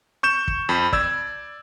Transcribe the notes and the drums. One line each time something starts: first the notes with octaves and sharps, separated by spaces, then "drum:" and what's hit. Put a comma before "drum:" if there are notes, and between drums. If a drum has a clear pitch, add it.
C#6 G6 E7
drum: kick
F2 B5
D5 E6 G#6, drum: kick